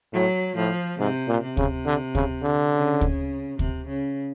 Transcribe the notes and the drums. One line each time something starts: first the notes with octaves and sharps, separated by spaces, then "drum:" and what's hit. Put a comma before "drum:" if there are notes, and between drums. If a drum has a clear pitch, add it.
A2 F#3
A2 F3
G#2 C3
A#2
C3
C#3, drum: kick
D3
C#3, drum: kick
D3
C#3
drum: kick
C3, drum: kick
C#3